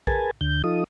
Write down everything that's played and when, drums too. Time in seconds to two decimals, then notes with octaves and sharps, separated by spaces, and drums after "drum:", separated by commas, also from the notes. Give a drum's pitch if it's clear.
0.07 G#4 A#4 B4 G#5 A5, drum: kick
0.41 D2 D3 G6
0.64 F3 D#4 F4 A4 D#6